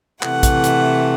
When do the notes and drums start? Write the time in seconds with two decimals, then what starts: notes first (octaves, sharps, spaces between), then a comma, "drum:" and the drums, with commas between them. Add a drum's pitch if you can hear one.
0.22 C3 E3 A3 F#5, drum: clap
0.43 drum: kick A#1, hi-hat
0.64 drum: hi-hat